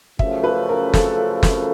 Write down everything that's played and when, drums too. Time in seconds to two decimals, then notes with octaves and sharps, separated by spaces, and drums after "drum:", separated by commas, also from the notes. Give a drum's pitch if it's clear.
0.19 F#2 C#3 F3 A3 E5, drum: kick
0.44 B4
0.69 A#4
0.94 A4, drum: snare
1.43 drum: snare